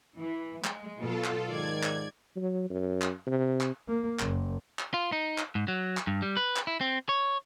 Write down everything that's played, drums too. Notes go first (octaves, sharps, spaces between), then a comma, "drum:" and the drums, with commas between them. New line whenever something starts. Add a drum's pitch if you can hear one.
E3
G#3, drum: clap
B2 F#3 F4 A4
drum: clap
G#2 D#3 D5 G#6
drum: clap
F#3
F#2
drum: clap
C3
drum: clap
A#3
F#1, drum: clap
drum: clap
F4
D#4
drum: clap
G#2
F#3
drum: clap
G2
G3
B4
drum: clap
E4
C4
C#5